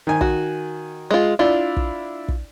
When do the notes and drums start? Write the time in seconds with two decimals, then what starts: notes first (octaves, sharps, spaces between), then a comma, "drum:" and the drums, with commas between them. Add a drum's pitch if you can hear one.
0.07 D#3 G#5
0.21 F#4, drum: kick
1.11 G#3 F4
1.39 D4 E4 F4 D5
1.77 drum: kick
2.28 drum: kick